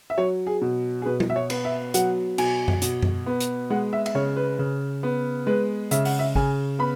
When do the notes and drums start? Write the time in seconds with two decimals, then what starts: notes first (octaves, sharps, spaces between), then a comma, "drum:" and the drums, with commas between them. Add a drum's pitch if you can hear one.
0.10 E5
0.18 F#3 C#5
0.47 G#4
0.61 B2
1.02 G#4
1.06 B2 B4
1.20 drum: tom G3
1.30 E5
1.36 C#5
1.50 B3, drum: cymbal
1.65 E5
1.94 F#3 F#5, drum: hi-hat
2.38 B2 G#5, drum: cymbal
2.68 drum: tom F#2
2.82 B2, drum: hi-hat
3.02 drum: tom F#2
3.26 B3
3.40 drum: hi-hat
3.70 G#3 F#5
3.93 E5
4.06 E5, drum: cymbal
4.15 C#3 C#5
4.36 B4
4.59 C#3
5.03 B3
5.46 G#3 B4
5.91 C#3 E5, drum: hi-hat
6.05 F#5, drum: open hi-hat
6.19 E5
6.35 C#3 G#5, drum: kick
6.79 B3 B5